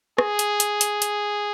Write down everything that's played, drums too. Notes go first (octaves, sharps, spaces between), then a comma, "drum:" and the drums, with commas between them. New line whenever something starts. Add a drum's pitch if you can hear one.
G#4, drum: rim click
drum: hi-hat
drum: hi-hat
drum: hi-hat
drum: hi-hat